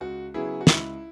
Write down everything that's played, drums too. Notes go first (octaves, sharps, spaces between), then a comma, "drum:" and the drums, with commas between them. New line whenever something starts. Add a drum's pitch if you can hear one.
C#2 F#4
C#3 F#3 B3 E4 G#4
F#4
C#2 E4, drum: snare